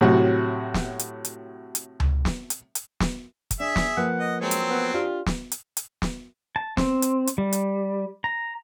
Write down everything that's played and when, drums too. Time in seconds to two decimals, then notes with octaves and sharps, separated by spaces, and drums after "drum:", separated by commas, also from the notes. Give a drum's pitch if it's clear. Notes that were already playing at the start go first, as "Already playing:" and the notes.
0.01 A2 C3 F#3 F#4
0.74 drum: snare
0.99 drum: hi-hat
1.25 drum: hi-hat
1.75 drum: hi-hat
2.00 drum: tom C#2
2.25 drum: snare
2.50 drum: hi-hat
2.75 drum: hi-hat
3.00 drum: snare
3.51 drum: kick, hi-hat
3.60 D4 G#4 E5
3.76 drum: snare
3.97 F3 A#3 B4 F#5
4.20 D#5
4.41 F#3 G#3 C4 C#4
4.51 drum: hi-hat
4.70 B3
4.94 D4 F4 G4
5.26 drum: snare
5.52 drum: hi-hat
5.77 drum: hi-hat
6.02 drum: snare
6.56 A5
6.77 C4, drum: snare
7.02 drum: hi-hat
7.27 drum: hi-hat
7.38 G3
7.53 drum: hi-hat
8.24 A#5